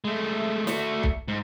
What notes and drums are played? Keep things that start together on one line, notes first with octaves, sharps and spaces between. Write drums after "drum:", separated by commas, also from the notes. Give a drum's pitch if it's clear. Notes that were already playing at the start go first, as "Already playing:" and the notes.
G#3 A3
A3 F#4, drum: snare
drum: kick B1
G#2